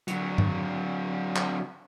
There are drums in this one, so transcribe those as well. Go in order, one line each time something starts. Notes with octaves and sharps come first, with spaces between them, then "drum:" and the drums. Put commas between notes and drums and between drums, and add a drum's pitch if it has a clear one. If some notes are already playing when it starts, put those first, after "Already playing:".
D3 F#3, drum: hi-hat
drum: tom G2
drum: clap